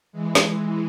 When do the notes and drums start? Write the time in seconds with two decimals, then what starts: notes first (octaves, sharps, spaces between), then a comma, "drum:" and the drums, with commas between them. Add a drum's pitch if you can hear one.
0.12 E3 G#3
0.35 drum: snare
0.58 G#3